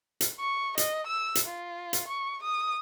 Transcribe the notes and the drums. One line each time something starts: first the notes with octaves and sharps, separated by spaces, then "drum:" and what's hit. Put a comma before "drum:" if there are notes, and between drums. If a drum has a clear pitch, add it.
drum: hi-hat
C#6
D#5, drum: hi-hat
E6
drum: hi-hat
F4
drum: hi-hat
C#6
D#6